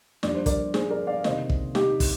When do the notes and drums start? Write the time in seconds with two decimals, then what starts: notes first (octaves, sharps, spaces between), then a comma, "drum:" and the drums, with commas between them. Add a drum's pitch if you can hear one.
0.23 G2 F3 A#3 D5, drum: snare
0.34 C5
0.46 A#4 D5, drum: kick, hi-hat
0.74 G#4 C5, drum: snare
0.91 A#4 D5
1.07 D5 F5
1.24 C3 D#3 A#3 C5 D#5, drum: snare
1.50 drum: kick
1.75 D#4 G4, drum: snare
2.00 drum: kick, open hi-hat